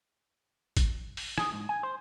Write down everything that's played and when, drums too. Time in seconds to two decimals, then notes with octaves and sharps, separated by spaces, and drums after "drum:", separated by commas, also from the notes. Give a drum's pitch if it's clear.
0.77 drum: kick, hi-hat
1.17 drum: open hi-hat
1.38 G#4, drum: rim click
1.53 G#2
1.69 G#5
1.83 C5